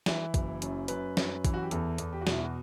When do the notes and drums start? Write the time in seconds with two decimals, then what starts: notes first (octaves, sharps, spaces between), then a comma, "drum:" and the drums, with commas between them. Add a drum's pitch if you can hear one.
0.06 E3 E4, drum: snare
0.34 F#1, drum: kick, hi-hat
0.62 F#2, drum: hi-hat
0.88 F#2 B4, drum: hi-hat
1.17 F#2, drum: snare
1.45 E3, drum: kick, hi-hat
1.54 F#4
1.63 G4
1.71 E2 A4, drum: hi-hat
1.98 E2, drum: hi-hat
2.13 G4
2.21 F#4
2.27 B2 E4, drum: snare
2.40 F#4